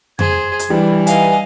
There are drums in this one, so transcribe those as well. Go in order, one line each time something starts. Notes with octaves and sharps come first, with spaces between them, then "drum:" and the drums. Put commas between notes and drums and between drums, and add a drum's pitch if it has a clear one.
G#4 C5 G#6, drum: tom F2
drum: hi-hat
E3 G3 D4
D#4 B4 D#5 F5 G#5, drum: hi-hat